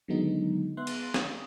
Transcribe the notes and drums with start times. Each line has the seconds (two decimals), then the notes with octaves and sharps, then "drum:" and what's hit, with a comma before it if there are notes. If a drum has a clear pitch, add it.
0.08 D3 D#3 F#3 G#3 B3 D#4
0.77 B3 E5 C6 F#6
0.87 drum: cymbal
1.14 D#6, drum: snare